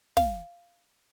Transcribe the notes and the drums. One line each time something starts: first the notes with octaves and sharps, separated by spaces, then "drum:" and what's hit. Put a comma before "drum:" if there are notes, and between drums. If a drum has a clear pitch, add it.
F5, drum: snare